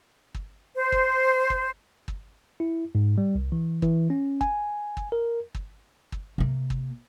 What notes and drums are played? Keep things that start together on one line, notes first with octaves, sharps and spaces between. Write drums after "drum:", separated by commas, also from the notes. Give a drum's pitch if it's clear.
drum: kick
C5
drum: kick
drum: kick
drum: kick
E4
G#2
G3
C2
E3
E3, drum: kick
C#4
G#5, drum: kick
drum: kick
A#4
drum: kick
drum: kick
C3 A#3
drum: kick